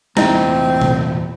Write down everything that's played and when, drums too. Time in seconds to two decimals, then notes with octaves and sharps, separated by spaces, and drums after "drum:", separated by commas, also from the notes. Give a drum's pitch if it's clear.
0.17 E2 A#2 A3 C4 E4 D#5, drum: snare
0.81 drum: tom A#2